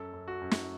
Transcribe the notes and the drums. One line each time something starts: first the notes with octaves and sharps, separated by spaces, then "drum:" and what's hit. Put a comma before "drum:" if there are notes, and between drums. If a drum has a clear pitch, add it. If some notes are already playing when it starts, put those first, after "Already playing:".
Already playing: F#2 A4
F#2
F#4
F#2
drum: snare